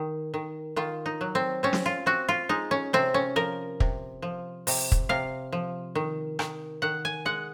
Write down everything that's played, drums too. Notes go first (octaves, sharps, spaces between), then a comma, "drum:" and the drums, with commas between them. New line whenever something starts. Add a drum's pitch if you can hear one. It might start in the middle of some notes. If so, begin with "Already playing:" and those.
Already playing: D#3
D#3
D#3 F4
D#4
F#3
C4
C4 C#4
drum: snare
F4
C4 F#4
F4
G#3 D#4
C#4
C3 C4
C#4
F3 A#4
C3, drum: kick
F3
C3, drum: open hi-hat
drum: kick
C3 F5
F3
D#3
D#3, drum: rim click
D#3 F#5
G#5
G#3 F#5